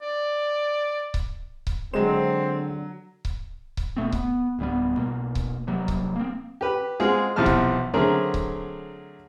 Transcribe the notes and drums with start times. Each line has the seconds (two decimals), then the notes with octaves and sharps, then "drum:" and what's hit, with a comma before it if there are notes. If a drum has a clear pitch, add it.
0.02 D5
1.14 drum: kick C#1
1.67 drum: kick C#1
1.94 D3 F#3 G#3 C4 C5 E7
3.25 drum: kick C#1
3.77 drum: kick C#1
3.97 A#2 A3 B3 C4
4.12 B3, drum: kick C#1
4.59 D1 G2 G3 B3
4.97 B1 B2 A#3
5.35 drum: kick C#1
5.67 C3 F#3 G3 A#3
5.88 drum: kick C#1
6.16 A#3 C4
6.61 G4 B4
7.00 G#3 C4 F4 F#4 G#4
7.36 B1 C3 E3 F3 A5 F6
7.46 drum: kick C#1
7.94 D3 F#3 A3 C4 G#4 A#4
8.34 drum: kick C#1